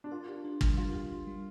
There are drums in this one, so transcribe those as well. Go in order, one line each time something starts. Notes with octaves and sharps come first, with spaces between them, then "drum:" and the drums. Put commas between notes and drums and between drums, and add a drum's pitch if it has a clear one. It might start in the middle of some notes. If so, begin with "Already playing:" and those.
D4
F4 A#4
G4
D4
G3, drum: kick
F4 A#4
G4
D4
G3